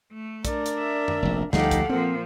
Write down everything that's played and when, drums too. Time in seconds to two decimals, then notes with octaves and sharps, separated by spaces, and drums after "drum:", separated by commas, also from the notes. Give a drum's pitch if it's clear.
0.13 A3
0.45 D4 A#4 D5, drum: kick, hi-hat
0.66 drum: hi-hat
0.79 E5
1.08 drum: tom F#2
1.22 F1 A#1
1.53 D2 F3 G3 D#4 G4 A4 F5 F#5, drum: snare
1.71 drum: kick, hi-hat
1.89 A#2 F3 C4 A#4